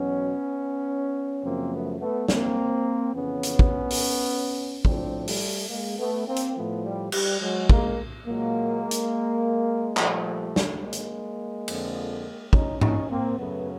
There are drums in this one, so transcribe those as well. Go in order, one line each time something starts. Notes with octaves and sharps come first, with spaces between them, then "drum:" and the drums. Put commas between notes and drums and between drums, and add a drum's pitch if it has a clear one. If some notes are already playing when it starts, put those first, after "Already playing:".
Already playing: E2 B2 F#3 B3 C#4
F#2 C#3 F3 A#3 C4
A3 B3
A3 B3
A#3 C4, drum: snare
F2 C#3 E3 B3 C#4
drum: hi-hat
drum: kick
drum: open hi-hat
A2 F3 C4 D4, drum: kick
G3 A3, drum: open hi-hat
G#3 A#3
A3 B3
A#3 C4
drum: hi-hat
A2 F3 A3 B3
G3
G3, drum: cymbal
F#3 G#3
G#3 A#3, drum: kick
A#2 F#3 G#3 A#3
drum: hi-hat
A#2 F3 G3 A3, drum: clap
drum: snare
G#3 A#3
drum: hi-hat
F2 D3 F3, drum: cymbal
C#4 D#4, drum: kick
C#4 D#4, drum: tom G#2
A#3 C4
F#2 C#3 F#3 A3 B3